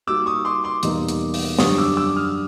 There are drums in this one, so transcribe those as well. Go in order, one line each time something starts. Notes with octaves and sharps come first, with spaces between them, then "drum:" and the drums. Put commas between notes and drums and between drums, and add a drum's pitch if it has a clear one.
G3 A#3 D#4 F#4 D6 E6
C#6 D#6
C6 D6
C6 D6
E2 B2 G3 A#3 D#4, drum: hi-hat
drum: hi-hat
drum: open hi-hat
F#2 D3 G3 C#6 D#6, drum: snare
D6 E6
D6 E6
D#6 F6